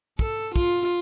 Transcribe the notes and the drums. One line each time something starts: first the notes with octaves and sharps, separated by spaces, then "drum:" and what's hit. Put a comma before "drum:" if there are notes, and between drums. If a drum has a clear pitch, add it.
A4, drum: kick
F4, drum: kick